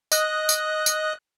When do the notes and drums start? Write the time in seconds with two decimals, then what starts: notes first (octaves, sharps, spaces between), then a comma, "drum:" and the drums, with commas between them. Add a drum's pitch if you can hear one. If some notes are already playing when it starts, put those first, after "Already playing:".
0.12 D#5 D#6 F#6, drum: tambourine
0.49 drum: tambourine
0.86 drum: tambourine